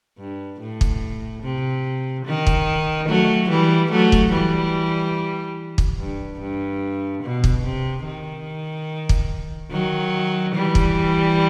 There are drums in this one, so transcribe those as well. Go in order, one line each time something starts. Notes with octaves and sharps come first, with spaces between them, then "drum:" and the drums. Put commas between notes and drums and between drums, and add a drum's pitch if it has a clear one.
G2
A2
drum: kick
C3
D#3
drum: kick
F#3 A3
E3 G3
F#3 A3
drum: kick
E3 G3
drum: kick
G2
G2
B2
drum: kick
C3
D#3
drum: kick
D#3 F#3
E3 G3
drum: kick